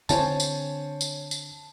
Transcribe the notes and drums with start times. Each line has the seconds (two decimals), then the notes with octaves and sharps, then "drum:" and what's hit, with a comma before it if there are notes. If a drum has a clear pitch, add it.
0.09 D3 C4 C5 C#5 G#5 A5, drum: tambourine
0.40 drum: tambourine
1.01 drum: tambourine
1.31 drum: tambourine